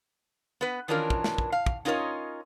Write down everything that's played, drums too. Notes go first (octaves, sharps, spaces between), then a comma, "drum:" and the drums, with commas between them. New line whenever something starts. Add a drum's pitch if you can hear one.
B3 B4
D#3 E3 C#4 D4 F4 A#4
drum: kick
drum: snare
drum: kick
F5
drum: kick
C#4 D#4 F4 A#4 C#5 D#5